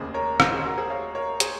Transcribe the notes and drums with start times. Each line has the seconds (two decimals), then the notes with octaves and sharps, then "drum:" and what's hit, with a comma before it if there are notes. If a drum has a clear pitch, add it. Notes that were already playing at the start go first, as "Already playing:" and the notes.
Already playing: F1 D#2 C#3 G#4 C5
0.14 A#4 C#5
0.40 C5 D#5, drum: rim click
0.53 G#4 C5
0.65 F#4 A#4
0.77 G#4 C5
0.90 C#5 F5
1.15 A#4 C#5
1.40 G#4 C5, drum: hi-hat